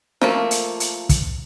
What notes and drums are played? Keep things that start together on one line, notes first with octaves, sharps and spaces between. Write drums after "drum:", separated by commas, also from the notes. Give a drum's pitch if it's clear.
F3 A3 A#3, drum: snare
drum: hi-hat
drum: hi-hat
drum: kick, hi-hat